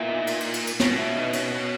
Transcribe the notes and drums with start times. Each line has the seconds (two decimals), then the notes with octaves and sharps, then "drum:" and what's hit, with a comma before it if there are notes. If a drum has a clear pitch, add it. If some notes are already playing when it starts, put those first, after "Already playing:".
Already playing: A#2 B3 E4 B4 E5
0.09 D#4 D#5
0.27 drum: cymbal
0.40 drum: cymbal
0.54 drum: cymbal
0.67 drum: cymbal
0.80 B2 C#4 C#5, drum: snare
0.97 E4 E5
1.15 D#4 D#5
1.33 C#4 C#5, drum: cymbal
1.52 B3 B4